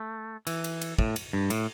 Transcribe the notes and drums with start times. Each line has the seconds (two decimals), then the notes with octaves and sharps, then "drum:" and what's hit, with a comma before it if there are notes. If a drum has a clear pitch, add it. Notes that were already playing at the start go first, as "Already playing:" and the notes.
Already playing: A3
0.47 E3, drum: cymbal
0.64 drum: cymbal
0.81 drum: cymbal
0.99 A2, drum: kick
1.16 drum: cymbal
1.33 G2
1.50 A2, drum: cymbal